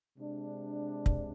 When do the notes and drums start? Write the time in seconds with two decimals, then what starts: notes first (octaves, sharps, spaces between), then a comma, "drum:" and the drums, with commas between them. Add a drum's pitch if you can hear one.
0.18 C3 G#3 D4
1.06 drum: kick